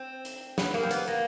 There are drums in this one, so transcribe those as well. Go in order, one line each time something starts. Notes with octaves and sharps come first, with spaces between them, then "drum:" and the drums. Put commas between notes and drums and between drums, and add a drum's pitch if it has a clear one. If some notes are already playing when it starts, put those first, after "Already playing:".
Already playing: C4
drum: hi-hat
B3, drum: snare
A#3
C4
B3, drum: hi-hat
A#3